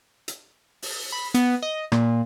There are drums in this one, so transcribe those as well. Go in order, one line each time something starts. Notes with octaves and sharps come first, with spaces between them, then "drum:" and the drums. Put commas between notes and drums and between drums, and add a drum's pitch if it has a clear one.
drum: hi-hat
drum: open hi-hat
B5
B3, drum: hi-hat
D#5
A#2, drum: rim click